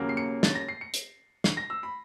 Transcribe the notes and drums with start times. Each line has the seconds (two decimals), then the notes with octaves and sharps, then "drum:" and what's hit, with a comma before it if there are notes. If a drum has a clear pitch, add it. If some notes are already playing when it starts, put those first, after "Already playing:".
Already playing: D#2 C#3 F#3 A#3
0.09 C7
0.17 C#7
0.43 A6, drum: snare
0.55 A#6
0.69 C7
0.81 C#7
0.94 drum: hi-hat
1.44 C7, drum: snare
1.57 A#6
1.70 E6
1.83 B5